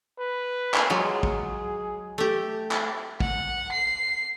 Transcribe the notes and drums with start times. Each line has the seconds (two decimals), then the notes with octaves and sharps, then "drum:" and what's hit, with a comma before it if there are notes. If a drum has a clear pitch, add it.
0.18 B4
0.74 drum: clap
0.90 F#3 G#3 F4 G#4
1.23 drum: kick
2.18 A3 G4
2.71 drum: clap
3.20 F#5, drum: kick
3.72 C7